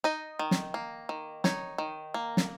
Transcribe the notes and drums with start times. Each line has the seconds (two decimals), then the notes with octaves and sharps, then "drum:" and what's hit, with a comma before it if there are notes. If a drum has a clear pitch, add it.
0.04 D#4 D#5
0.39 D#3
0.51 drum: snare
0.74 A#3
1.09 D#3
1.44 D#4 C#5, drum: snare
1.78 D#3
2.14 A#3
2.37 drum: snare